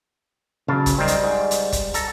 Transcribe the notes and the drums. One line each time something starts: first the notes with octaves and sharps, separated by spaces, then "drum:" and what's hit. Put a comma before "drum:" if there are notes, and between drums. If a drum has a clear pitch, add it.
C#3 F#3 F5 A5
drum: kick, hi-hat
D#3 G3 C4
drum: hi-hat
G#2
drum: hi-hat
drum: kick, hi-hat
A4 A#5, drum: hi-hat